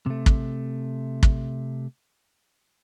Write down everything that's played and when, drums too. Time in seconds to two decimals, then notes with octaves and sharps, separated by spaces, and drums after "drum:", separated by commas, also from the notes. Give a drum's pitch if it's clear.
0.06 C3 A3
0.26 drum: kick
1.23 drum: kick